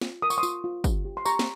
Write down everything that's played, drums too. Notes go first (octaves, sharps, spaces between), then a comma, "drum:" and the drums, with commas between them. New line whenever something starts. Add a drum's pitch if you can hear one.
F4, drum: snare
A#4 D#6
C#6, drum: tambourine
C6 D#6
F4, drum: tambourine
F4
G4, drum: kick, tambourine
G4
C6
G4 A#5 C#6, drum: tambourine
drum: snare